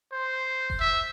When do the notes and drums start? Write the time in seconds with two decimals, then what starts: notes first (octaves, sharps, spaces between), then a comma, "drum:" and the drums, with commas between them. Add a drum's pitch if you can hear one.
0.12 C5
0.70 drum: kick F#1
0.80 E5